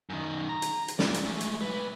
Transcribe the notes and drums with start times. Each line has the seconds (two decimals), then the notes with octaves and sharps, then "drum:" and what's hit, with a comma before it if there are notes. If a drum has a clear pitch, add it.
0.10 F#2 D#3
0.49 A#5
0.62 drum: hi-hat
0.88 drum: hi-hat
0.99 F4 D5, drum: snare
1.14 drum: hi-hat
1.25 G#3 A3
1.41 drum: hi-hat
1.61 F#3 B4